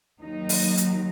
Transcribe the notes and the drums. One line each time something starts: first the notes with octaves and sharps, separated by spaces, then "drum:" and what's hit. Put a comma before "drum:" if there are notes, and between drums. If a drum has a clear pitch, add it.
D#2 D#3 F#3 D#4
drum: open hi-hat
drum: hi-hat